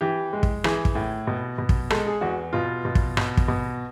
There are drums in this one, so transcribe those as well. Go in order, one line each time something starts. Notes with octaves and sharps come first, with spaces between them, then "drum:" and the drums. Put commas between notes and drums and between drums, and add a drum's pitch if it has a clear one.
E3 G4
G#3
drum: kick
E3 G#4, drum: rim click
drum: kick
A2
B2
B2
drum: kick
G#3 A4, drum: rim click
G#4
E2 F#4
B2 F4
B2
drum: kick
B2, drum: rim click
drum: kick
B2